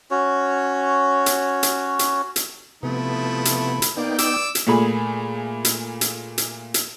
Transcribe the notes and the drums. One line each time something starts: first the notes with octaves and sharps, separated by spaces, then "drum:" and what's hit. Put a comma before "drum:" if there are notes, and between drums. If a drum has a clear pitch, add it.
C#4 F#4 C#5
drum: hi-hat
drum: hi-hat
drum: hi-hat
drum: hi-hat
C3 F3 A3 B3 E4
drum: hi-hat
drum: hi-hat
A#3 B3 D#4 D5 G5
D5 D6 E6, drum: hi-hat
drum: hi-hat
A#2 A3 G#4 B5
drum: hi-hat
drum: hi-hat
drum: hi-hat
drum: hi-hat